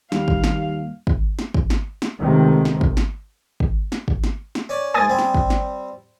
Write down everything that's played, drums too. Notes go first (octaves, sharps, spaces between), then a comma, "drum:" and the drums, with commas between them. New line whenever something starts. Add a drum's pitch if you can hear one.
D#2 G3 F5, drum: snare
drum: kick
drum: snare
drum: kick
drum: snare
drum: kick
drum: snare
drum: snare
C#2 C3 D#3 A3
drum: snare
drum: kick
drum: snare
drum: kick
drum: snare
drum: kick
drum: snare
drum: snare
C#4 D5
G#2 A#3 G#5 D#6 A6
G3 C4
drum: snare
drum: kick
drum: snare